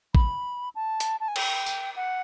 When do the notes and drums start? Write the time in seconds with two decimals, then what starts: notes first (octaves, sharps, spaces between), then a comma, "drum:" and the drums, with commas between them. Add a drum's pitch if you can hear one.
0.15 B5, drum: kick A1
0.75 A5
1.00 drum: hi-hat
1.20 A5
1.28 G#5
1.36 G5, drum: cymbal
1.66 drum: tambourine
1.96 F#5